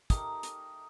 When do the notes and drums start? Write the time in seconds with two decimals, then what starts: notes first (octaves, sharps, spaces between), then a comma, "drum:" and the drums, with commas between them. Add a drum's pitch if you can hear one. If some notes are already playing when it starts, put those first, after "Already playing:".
0.10 A3 D#4 G4 A#4 D#6, drum: kick, hi-hat
0.43 drum: hi-hat